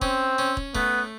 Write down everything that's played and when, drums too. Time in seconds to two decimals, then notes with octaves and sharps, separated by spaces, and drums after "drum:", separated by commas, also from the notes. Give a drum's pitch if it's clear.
0.01 C4 C#4, drum: kick
0.38 C#4
0.57 drum: kick
0.75 A3 B3, drum: kick